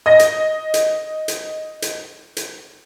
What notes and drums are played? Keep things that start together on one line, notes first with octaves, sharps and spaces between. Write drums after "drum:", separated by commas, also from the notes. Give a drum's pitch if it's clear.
D#5 A#6
drum: hi-hat
drum: hi-hat
drum: hi-hat
drum: hi-hat
drum: hi-hat